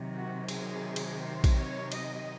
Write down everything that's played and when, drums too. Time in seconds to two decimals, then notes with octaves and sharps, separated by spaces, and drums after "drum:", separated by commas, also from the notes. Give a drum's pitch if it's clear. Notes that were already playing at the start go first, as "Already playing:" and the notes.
Already playing: C3 D#3 F#3
0.13 F#4
0.48 G#4, drum: cymbal
0.96 drum: cymbal
1.20 C5
1.44 drum: kick A#1, cymbal
1.56 C#5
1.92 D#5, drum: cymbal